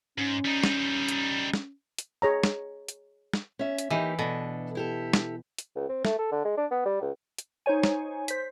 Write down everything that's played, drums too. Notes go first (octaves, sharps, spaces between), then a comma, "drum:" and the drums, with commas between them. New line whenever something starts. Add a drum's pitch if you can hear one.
G#2 C#4
G3 D#4
drum: snare
drum: hi-hat
drum: snare
drum: hi-hat
G#4 C#5 A#5
drum: snare
drum: hi-hat
drum: snare
C#4 E5
drum: hi-hat
E3 A#3 D#4 G4
B2 D4 A4
E4 G4 A4
drum: snare
drum: hi-hat
C#2
C4
A3, drum: snare
A4
D3
G#3
D4
B3
G3
C#2
drum: hi-hat
D#4 C5 C#5 G#5
drum: snare
C5 B6, drum: hi-hat